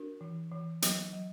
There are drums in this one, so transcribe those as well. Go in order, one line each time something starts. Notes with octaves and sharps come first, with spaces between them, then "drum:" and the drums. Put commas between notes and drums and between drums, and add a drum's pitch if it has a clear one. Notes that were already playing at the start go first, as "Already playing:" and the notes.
Already playing: D4 F#4 A#4
E3
E3
F#3, drum: hi-hat
F#3